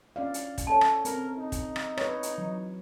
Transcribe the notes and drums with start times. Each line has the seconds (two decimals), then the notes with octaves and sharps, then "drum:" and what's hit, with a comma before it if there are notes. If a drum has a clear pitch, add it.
0.16 C#4 D5 F5
0.34 drum: hi-hat
0.58 drum: kick, hi-hat
0.67 C#4 A4 C#5 A5
0.81 drum: rim click
1.05 C4 A#4, drum: hi-hat
1.37 D#4
1.52 drum: kick, hi-hat
1.76 drum: rim click
1.97 B4 C#5, drum: rim click
2.23 drum: hi-hat
2.38 E3 F#3